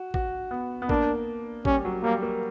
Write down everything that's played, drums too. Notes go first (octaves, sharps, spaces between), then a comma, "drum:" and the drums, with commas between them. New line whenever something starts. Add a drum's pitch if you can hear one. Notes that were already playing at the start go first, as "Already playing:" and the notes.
Already playing: F#4
F#4, drum: kick
B3
B3
A#3 D4, drum: kick
G3 C#4, drum: kick
F#3
G3 A#3
A#3